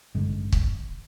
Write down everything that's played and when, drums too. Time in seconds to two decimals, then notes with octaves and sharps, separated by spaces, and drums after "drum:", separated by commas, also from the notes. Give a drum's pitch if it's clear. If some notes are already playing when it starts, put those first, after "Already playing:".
0.15 A1 G2 D3 G#3
0.52 drum: kick